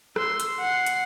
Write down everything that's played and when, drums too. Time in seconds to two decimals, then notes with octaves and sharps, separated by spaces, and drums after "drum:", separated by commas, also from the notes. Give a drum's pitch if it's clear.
0.16 C6 E6, drum: rim click
0.40 drum: hi-hat
0.60 F#5 C7
0.86 drum: hi-hat